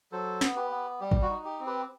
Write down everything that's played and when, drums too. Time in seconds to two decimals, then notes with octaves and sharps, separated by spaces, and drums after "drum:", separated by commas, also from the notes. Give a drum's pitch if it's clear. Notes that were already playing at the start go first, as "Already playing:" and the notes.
0.12 F#3 A4 C5
0.41 B3, drum: snare
0.56 G4 B4
0.71 B3
1.00 G3 G4
1.11 drum: kick
1.22 F#4
1.30 D#4
1.45 G4
1.60 C4
1.66 G4 B4